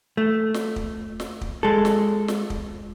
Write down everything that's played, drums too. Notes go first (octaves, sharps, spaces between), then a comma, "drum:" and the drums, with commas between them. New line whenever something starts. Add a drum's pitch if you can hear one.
A3
drum: snare
drum: kick
drum: snare
drum: kick
G#3 A4
drum: snare
drum: snare
drum: kick